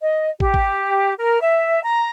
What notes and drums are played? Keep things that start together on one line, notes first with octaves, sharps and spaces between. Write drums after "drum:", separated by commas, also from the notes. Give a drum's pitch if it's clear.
D#5
G4, drum: kick
drum: kick
A#4
E5
A#5